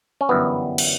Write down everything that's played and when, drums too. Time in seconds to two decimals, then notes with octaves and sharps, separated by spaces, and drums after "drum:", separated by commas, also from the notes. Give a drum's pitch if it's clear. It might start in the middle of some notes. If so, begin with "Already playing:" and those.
0.21 C#4
0.29 G1 F#2 E3 G3 B3
0.78 drum: cymbal